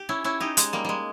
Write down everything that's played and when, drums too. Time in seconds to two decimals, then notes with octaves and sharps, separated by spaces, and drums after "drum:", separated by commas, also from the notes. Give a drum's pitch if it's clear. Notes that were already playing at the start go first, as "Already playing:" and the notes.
Already playing: G4
0.09 C#4 E4
0.24 C#4 E4
0.40 D#4 G4
0.57 G#3, drum: hi-hat
0.73 G3 A#3
0.85 G3 G#3